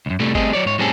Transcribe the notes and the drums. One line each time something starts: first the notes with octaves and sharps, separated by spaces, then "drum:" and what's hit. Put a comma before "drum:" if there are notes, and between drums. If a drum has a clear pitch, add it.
C#2 F#2
A2 C3 G3 A3
G3 A3 C4 G#4 D#5, drum: kick G1
F#3 C#5 D5
G#2 C#5
A2 G3 C4 C#4 G#4 A4